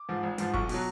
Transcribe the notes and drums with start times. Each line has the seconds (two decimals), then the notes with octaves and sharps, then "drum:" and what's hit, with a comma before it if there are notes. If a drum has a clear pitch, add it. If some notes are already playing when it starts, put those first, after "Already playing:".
Already playing: D6
0.09 G#2 F3
0.23 G#1
0.38 G#2 F3, drum: hi-hat
0.54 B1 C#6, drum: kick
0.69 B2 F#3, drum: open hi-hat